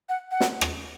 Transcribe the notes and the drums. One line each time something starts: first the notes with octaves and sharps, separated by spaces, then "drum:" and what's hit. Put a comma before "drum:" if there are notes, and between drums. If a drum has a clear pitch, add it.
F#5
F#5
drum: snare
drum: rim click